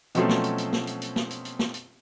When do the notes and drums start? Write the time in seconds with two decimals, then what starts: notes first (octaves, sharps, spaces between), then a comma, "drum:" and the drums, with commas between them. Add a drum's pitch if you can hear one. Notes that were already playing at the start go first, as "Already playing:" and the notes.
0.15 B2 F3 F#3 A3 C4 C#4, drum: hi-hat
0.29 drum: snare
0.44 drum: hi-hat
0.58 drum: hi-hat
0.73 drum: snare
0.87 drum: hi-hat
1.02 drum: hi-hat
1.16 drum: snare
1.30 drum: hi-hat
1.45 drum: hi-hat
1.59 drum: snare
1.74 drum: hi-hat